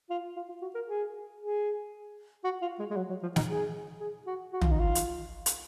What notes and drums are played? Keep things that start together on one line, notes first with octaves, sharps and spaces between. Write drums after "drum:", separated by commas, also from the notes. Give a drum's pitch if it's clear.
F4
F4
F4
F#4
A#4
G#4
G#4
F#4
F4
G#3
G#3
F#3
F#3
F3
D#4, drum: snare
G#4
G#4
F#4
F#4
F4, drum: tom
D#4
F4
drum: hi-hat
drum: hi-hat